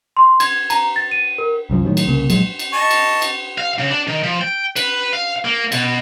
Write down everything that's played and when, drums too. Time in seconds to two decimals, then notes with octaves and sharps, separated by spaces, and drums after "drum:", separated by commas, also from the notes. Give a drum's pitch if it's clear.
0.17 C6
0.40 G#6, drum: cymbal
0.70 A#5, drum: cymbal
0.96 A6
1.11 D#7
1.38 A#4
1.70 C2 F#2 F3
1.85 A2 D#3 F#3
1.97 drum: cymbal
2.06 C2 C#3 A#3
2.30 A#1 G#2 F#3 G#3, drum: cymbal
2.59 drum: cymbal
2.73 D#5 A5 C#6
2.91 drum: cymbal
3.22 drum: cymbal
3.58 F5
3.79 C#3
3.90 D4
4.08 D#3
4.23 F3
4.41 G5
4.76 B4, drum: cymbal
5.13 F5
5.45 A#3
5.72 B2, drum: cymbal